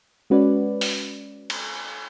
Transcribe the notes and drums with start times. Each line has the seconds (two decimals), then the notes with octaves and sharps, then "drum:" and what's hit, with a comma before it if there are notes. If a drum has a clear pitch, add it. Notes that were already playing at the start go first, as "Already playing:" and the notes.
0.30 G#3 C#4 F#4 B4 D5
0.81 drum: open hi-hat
1.50 drum: cymbal